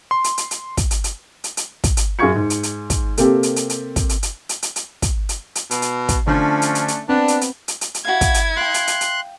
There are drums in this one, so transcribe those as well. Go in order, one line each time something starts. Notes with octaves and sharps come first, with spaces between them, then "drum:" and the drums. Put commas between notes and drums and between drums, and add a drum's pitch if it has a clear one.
C6
drum: hi-hat
drum: hi-hat
drum: hi-hat
drum: kick, hi-hat
drum: hi-hat
drum: hi-hat
drum: hi-hat
drum: hi-hat
drum: kick, hi-hat
drum: hi-hat
F#2 G#4 F5 C#6 G#6 C#7
G#2
drum: hi-hat
drum: hi-hat
drum: kick, hi-hat
C3 A#3 C4 G4 A4, drum: hi-hat
drum: hi-hat
drum: hi-hat
drum: hi-hat
drum: kick, hi-hat
drum: hi-hat
drum: hi-hat
drum: hi-hat
drum: hi-hat
drum: hi-hat
drum: kick, hi-hat
drum: hi-hat
drum: hi-hat
B2, drum: hi-hat
drum: hi-hat
drum: kick, hi-hat
D3 F3 A3 C#4 D4
drum: hi-hat
drum: hi-hat
drum: hi-hat
B3 C4 D4
drum: hi-hat
drum: hi-hat
drum: hi-hat
drum: hi-hat
drum: hi-hat
E4 F#4 F5 G#6
drum: kick, hi-hat
drum: hi-hat
F5 G5 C6 F#6
drum: hi-hat
drum: hi-hat
drum: hi-hat